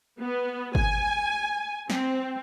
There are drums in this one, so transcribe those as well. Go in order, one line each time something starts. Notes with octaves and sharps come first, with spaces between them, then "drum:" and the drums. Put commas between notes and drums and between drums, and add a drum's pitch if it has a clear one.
B3
G#5, drum: kick G1
C4, drum: snare